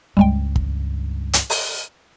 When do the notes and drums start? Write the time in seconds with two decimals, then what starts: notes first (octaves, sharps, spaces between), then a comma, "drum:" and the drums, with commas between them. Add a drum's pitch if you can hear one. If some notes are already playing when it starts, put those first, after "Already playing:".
0.17 C#2 G2 G3 G#3 G5
0.56 drum: kick
1.33 drum: hi-hat
1.50 drum: open hi-hat